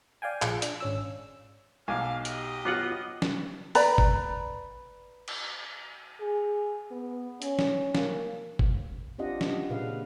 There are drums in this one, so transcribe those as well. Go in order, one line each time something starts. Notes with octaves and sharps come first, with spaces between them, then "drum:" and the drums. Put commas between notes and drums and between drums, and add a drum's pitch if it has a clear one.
D5 F5 G5 G#5
A#1 F4 G#4 D6 C#7, drum: clap
D4, drum: hi-hat
G#1 C#4 E6
B1 F5 G#5 D6
G4 D#5, drum: hi-hat
F#3 B3 F4 F#4 F#5 D6
drum: snare
B4 D5 A#5 B5, drum: open hi-hat
drum: kick G1
drum: cymbal
G#4
B3
C#4, drum: hi-hat
drum: snare
A#3, drum: snare
drum: kick G1
C4 D4 F4 G4 D#5 F#5
drum: snare
A#2 C#3 B4 F5